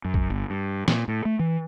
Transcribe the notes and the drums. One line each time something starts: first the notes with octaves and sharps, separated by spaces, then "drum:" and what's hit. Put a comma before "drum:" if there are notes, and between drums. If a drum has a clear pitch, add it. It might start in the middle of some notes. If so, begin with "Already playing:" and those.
F#2
drum: kick A#1
G1
G2
A#2, drum: snare
A2
A3
E3